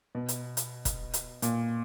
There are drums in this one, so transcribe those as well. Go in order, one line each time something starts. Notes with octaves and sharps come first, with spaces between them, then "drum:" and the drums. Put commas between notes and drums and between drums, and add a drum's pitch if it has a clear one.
B2
drum: hi-hat
drum: hi-hat
drum: kick E1, hi-hat
drum: hi-hat
A#2, drum: hi-hat